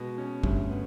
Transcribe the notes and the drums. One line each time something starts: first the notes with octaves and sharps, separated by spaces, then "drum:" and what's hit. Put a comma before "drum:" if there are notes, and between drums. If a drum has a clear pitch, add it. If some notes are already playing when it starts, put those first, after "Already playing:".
Already playing: B2 G#3
C#4
D2 G2, drum: kick
B3